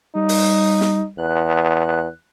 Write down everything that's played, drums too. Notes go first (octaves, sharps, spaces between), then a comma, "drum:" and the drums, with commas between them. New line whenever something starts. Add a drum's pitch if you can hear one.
G3 D#4
drum: open hi-hat
drum: snare
E2 F#6